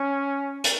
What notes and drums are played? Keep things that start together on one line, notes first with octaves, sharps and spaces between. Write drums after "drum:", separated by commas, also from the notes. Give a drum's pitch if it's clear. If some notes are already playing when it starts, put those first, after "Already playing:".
Already playing: C#4
drum: hi-hat